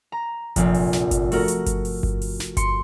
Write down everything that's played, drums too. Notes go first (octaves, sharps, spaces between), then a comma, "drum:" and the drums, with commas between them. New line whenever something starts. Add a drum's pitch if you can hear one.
A#5
F1 A#1, drum: kick G1, hi-hat
drum: open hi-hat
drum: snare
drum: kick G1, hi-hat
A3 F#4 A#4, drum: open hi-hat
drum: hi-hat
drum: kick G1, hi-hat
drum: open hi-hat
drum: kick G1
drum: open hi-hat
drum: snare
C6 C#7, drum: kick G1, hi-hat